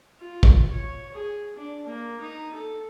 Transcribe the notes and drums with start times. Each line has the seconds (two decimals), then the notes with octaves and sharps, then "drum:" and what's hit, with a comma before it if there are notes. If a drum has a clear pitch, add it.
0.20 F4
0.43 drum: kick
0.70 C#5
1.15 G#4
1.56 D4
1.87 A#3
2.20 D#4
2.54 A4